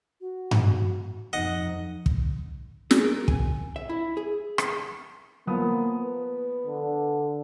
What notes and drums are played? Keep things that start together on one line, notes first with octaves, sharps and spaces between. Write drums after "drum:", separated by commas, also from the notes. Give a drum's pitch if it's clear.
F#4
drum: tom G2
F2 D#4 D#5 F#5
drum: kick
G#4, drum: snare
A#4
G#5, drum: kick
E5
E4
G#4
drum: rim click
F3 A#3 B3 D#6
B4
D3